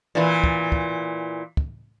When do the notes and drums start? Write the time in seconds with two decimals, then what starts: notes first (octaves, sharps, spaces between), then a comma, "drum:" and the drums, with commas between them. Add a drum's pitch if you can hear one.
0.15 A#2 E3
0.44 drum: kick
0.72 drum: kick
1.57 drum: kick